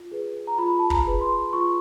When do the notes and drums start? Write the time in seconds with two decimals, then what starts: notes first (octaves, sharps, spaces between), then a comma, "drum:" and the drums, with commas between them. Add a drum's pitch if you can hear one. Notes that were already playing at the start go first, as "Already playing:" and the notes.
Already playing: F4
0.12 G#4 B4
0.47 A#5
0.58 F4 B5
0.79 A5
0.90 A#5, drum: kick
1.06 G#4 B4
1.21 C6
1.53 F4 C#6